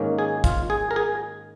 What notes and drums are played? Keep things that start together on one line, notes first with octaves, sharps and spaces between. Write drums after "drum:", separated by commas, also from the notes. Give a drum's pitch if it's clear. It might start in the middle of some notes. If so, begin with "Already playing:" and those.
Already playing: G#2 D#3 A#3 C#4
G#4
F4, drum: kick, hi-hat
G#4
A#4
G#4